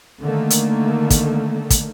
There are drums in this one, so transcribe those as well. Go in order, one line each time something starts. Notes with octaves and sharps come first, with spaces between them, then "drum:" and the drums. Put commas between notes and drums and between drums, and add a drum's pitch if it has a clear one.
D3 D#3 A3 A#3
drum: hi-hat
drum: kick, hi-hat
drum: kick, hi-hat